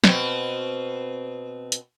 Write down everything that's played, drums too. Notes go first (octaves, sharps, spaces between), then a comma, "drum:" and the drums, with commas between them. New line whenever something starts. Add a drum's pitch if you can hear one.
B2 C4, drum: snare
drum: hi-hat